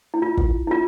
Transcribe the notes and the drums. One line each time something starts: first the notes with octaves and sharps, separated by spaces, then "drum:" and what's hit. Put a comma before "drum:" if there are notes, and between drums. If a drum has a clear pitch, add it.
E4
F4
drum: kick
E4
F4